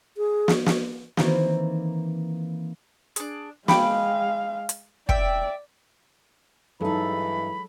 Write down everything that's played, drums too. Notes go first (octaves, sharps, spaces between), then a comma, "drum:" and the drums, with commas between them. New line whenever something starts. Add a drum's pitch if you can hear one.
G#4
drum: snare
drum: snare
D#3 E3 A#3 C4, drum: snare
D4 G#4, drum: hi-hat
G#3 F5 G5 B5 D6, drum: snare
drum: hi-hat
D5 E5 G5, drum: kick
G2 E3 F#3 G#3 D#4 A4 B5